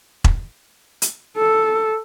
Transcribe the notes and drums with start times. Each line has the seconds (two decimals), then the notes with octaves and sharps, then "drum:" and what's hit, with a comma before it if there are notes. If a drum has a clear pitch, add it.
0.24 drum: kick E1
1.02 drum: hi-hat
1.37 A4